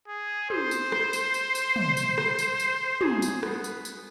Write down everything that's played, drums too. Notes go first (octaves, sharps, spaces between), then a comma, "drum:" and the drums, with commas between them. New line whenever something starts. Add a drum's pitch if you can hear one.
G#4
C5, drum: tom
drum: tambourine
drum: rim click
drum: tambourine
drum: tambourine
drum: tambourine
drum: tom
drum: tambourine
drum: rim click
drum: tambourine
drum: tambourine
G#4, drum: tom
drum: tambourine
B3, drum: rim click
drum: tambourine
drum: tambourine